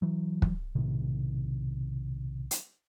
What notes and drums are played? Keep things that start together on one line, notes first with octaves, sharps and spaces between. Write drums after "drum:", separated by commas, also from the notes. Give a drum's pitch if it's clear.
E3 F#3
drum: kick
B1 A2 C3 D#3
drum: hi-hat